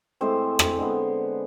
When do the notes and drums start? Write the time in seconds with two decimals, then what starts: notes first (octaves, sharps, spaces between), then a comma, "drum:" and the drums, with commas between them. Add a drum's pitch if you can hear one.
0.21 A2 G#3 C4 C5
0.59 drum: rim click
0.78 D3 G#3 B3